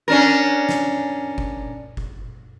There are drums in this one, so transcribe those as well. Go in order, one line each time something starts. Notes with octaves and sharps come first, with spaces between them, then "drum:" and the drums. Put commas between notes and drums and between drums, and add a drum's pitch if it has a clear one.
C#4 D4 A#4
drum: snare
drum: kick F#1
drum: kick F#1